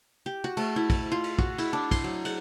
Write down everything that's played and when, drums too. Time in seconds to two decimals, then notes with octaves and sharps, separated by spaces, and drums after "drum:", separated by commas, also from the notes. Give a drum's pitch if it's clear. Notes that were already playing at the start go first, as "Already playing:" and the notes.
0.26 G4
0.44 F#4
0.57 A3, drum: cymbal
0.76 E4
0.90 drum: kick, cymbal
1.12 F4
1.24 drum: cymbal
1.39 F#4, drum: kick
1.58 E4, drum: cymbal
1.73 D4
1.91 C6, drum: kick, cymbal
2.04 F#3
2.25 F#5, drum: cymbal